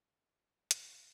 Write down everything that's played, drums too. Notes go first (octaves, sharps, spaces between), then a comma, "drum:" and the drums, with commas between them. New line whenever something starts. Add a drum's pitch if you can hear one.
A3 A#3
drum: hi-hat